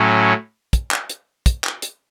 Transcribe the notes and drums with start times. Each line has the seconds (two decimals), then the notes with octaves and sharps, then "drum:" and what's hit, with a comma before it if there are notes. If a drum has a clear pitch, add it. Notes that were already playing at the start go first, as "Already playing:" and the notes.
Already playing: A2 F#3 C#4
0.73 drum: kick, hi-hat
0.91 drum: clap
1.09 drum: hi-hat
1.46 drum: kick, hi-hat
1.64 drum: clap
1.82 drum: hi-hat